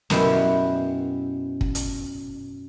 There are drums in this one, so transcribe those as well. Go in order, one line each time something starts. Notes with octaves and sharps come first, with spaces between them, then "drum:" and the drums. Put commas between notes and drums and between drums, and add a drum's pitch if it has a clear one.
F#2 B2 E4 G4, drum: snare
drum: kick
drum: hi-hat